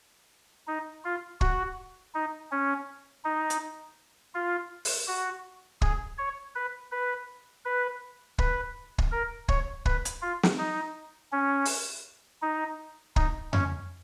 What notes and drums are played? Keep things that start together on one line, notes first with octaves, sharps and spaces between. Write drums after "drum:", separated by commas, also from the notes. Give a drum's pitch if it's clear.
D#4
F4
F#4, drum: kick
D#4
C#4
D#4
drum: hi-hat
F4
drum: open hi-hat
F#4
G#4, drum: kick
C#5
B4
B4
B4
B4, drum: kick
drum: kick
A#4
C#5, drum: kick
B4, drum: kick
drum: hi-hat
F4
drum: snare
D#4
C#4
drum: open hi-hat
D#4
D#4, drum: kick
C#4, drum: tom F2